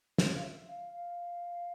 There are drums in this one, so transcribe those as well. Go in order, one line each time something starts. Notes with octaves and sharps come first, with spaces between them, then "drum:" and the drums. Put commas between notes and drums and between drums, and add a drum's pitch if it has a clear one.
F4, drum: snare
F5
E5
F5
F5